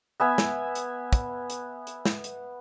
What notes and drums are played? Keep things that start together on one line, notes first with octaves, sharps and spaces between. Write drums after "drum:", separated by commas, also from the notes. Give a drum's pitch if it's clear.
B3 E5 G#5
drum: snare
drum: hi-hat
drum: kick, hi-hat
drum: hi-hat
drum: hi-hat
drum: snare
drum: hi-hat